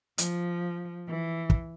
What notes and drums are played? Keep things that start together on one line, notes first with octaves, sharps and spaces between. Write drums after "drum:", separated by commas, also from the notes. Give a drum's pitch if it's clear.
F3, drum: hi-hat
E3
drum: kick